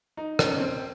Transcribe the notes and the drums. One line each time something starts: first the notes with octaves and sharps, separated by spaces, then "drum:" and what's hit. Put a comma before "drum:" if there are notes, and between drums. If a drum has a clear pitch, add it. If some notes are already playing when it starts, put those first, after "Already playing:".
D#4
C#4, drum: rim click
C4